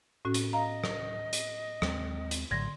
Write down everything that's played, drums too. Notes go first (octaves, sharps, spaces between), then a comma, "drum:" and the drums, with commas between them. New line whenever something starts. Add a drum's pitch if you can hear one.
A2 C#4 F#4
drum: hi-hat
D#5 F5 A#5
drum: rim click
drum: hi-hat
D#2 G#3 C4, drum: rim click
drum: hi-hat
A#1 A2 D3 F#3 C6 G#6 A#6